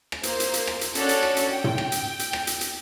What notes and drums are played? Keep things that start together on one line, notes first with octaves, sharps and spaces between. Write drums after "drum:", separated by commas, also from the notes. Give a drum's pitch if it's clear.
drum: rim click
A#3 C5, drum: hi-hat
drum: hi-hat
drum: hi-hat
drum: rim click
drum: hi-hat
C#4 D4 F#4 A4, drum: hi-hat
drum: hi-hat
drum: rim click
drum: hi-hat
G5
drum: tom
drum: rim click
drum: hi-hat
drum: hi-hat
drum: rim click
drum: hi-hat
drum: hi-hat